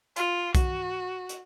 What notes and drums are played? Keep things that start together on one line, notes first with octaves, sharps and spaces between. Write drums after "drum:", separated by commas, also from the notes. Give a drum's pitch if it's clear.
F4, drum: hi-hat
F#4, drum: kick B1, hi-hat
drum: hi-hat